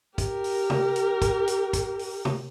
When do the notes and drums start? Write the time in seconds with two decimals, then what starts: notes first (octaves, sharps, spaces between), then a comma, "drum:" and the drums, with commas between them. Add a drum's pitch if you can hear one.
0.18 G4 A#4, drum: kick, hi-hat
0.44 drum: open hi-hat
0.70 drum: tom
0.96 drum: hi-hat
1.22 drum: kick, hi-hat
1.48 drum: hi-hat
1.73 drum: kick, hi-hat
1.99 drum: open hi-hat
2.25 drum: tom